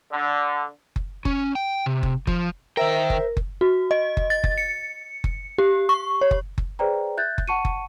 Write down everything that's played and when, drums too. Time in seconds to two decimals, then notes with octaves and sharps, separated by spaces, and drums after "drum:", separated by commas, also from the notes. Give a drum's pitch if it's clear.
0.12 D3
0.96 drum: kick F#1
1.25 C#4, drum: kick F#1
1.55 G5
1.86 C3
2.03 drum: kick F#1
2.27 F3, drum: kick F#1
2.77 D#3 A#4 C5 E5 G5
3.10 drum: kick F#1
3.37 drum: kick F#1
3.61 F#4
3.91 D#5
4.17 drum: kick F#1
4.30 A6
4.44 drum: kick F#1
4.58 C#7
5.24 drum: kick F#1
5.58 G4
5.89 C#6
6.21 C#5
6.31 drum: kick F#1
6.58 drum: kick F#1
6.79 G#4 B4 C5 D5 G5 A#5
7.17 E5 F#6 G6 A6
7.38 drum: kick F#1
7.48 F#5 A5 C#6 C#7 D#7
7.65 drum: kick F#1